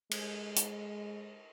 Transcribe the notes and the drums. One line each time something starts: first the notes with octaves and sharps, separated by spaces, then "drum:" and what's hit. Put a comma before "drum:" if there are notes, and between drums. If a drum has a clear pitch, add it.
G#3, drum: cymbal
drum: hi-hat